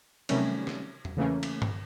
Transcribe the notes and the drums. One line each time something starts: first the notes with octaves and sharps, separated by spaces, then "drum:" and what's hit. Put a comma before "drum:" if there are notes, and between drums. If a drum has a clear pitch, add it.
C3 D#3 F#3 G3 A3 C#4, drum: cymbal
drum: snare
drum: tom E2
C#3 E3 A3 A#3 C#4
drum: cymbal
drum: tom G2